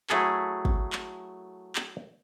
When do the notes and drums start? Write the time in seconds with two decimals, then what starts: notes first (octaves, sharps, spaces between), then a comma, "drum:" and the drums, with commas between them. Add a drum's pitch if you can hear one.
0.10 F#3 A3 E4 G#4 A4, drum: clap
0.65 drum: kick
0.93 drum: clap
1.75 drum: clap